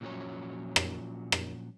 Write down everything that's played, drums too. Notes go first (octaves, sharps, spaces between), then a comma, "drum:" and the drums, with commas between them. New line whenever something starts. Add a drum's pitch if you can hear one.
A#2 D#3 F3 F#3 C#4 C#5
drum: rim click
drum: rim click